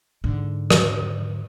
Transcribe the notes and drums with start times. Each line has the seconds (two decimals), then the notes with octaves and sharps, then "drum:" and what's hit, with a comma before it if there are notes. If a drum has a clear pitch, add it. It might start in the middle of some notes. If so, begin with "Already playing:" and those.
0.24 G#2 D3
0.71 drum: rim click